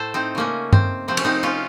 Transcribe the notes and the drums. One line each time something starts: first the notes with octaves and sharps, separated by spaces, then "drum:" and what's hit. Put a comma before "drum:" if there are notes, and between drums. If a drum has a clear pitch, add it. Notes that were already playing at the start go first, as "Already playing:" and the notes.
Already playing: A2 A3 A4 C5
C4 D#4
C#3 A3 A#3 C#4
C4, drum: tom G2
C3 F3 A3 C4
C#4, drum: cymbal
C4 D#4
C#4 F4